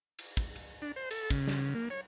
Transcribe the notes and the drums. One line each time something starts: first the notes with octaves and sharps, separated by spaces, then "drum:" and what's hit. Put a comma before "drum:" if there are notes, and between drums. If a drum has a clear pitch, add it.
drum: cymbal
drum: kick, cymbal
drum: cymbal
D4
C5
A4, drum: cymbal
C#3, drum: kick, cymbal
drum: snare
A#3
C#5